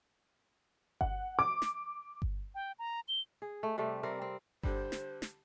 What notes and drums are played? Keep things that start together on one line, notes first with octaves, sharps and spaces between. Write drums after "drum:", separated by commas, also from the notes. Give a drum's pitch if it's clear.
F#5, drum: kick G1
D6
drum: snare
drum: kick G1
G5
A#5
G7
G#4
A3
C3 G3 A3
G3 C4 A#4
C4
D3 G3 C5, drum: kick G1
drum: snare
drum: snare